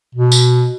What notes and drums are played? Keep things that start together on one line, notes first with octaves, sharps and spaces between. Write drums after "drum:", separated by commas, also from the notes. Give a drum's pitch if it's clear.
B2
drum: tambourine